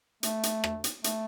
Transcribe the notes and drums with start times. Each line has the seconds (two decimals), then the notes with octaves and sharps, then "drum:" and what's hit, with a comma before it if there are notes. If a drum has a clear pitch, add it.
0.23 A3, drum: hi-hat
0.43 drum: hi-hat
0.64 drum: rim click
0.84 drum: hi-hat
1.04 A3, drum: hi-hat